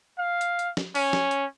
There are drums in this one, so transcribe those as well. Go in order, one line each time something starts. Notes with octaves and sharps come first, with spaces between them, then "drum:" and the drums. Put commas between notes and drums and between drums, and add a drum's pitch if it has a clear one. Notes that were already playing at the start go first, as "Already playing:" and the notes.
F5
drum: hi-hat
drum: hi-hat
drum: snare
C#4, drum: open hi-hat
drum: snare
drum: hi-hat